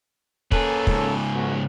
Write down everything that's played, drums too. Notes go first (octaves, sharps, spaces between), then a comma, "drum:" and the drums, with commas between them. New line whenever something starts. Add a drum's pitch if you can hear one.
A#3 C#4 G#4 A4 B4, drum: kick
G#2 C#3, drum: kick
B1 F#4